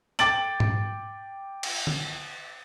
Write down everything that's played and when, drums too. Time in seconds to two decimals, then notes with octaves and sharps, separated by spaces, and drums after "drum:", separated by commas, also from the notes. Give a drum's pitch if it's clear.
0.19 G5 D6 A6 D7 F#7, drum: hi-hat
0.60 drum: tom G#2
1.63 drum: cymbal
1.87 drum: tom D3